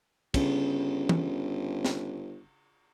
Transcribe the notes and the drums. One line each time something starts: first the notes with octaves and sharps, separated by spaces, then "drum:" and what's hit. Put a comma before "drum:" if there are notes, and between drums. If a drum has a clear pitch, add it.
G1 C#3, drum: kick, cymbal
drum: tom
drum: snare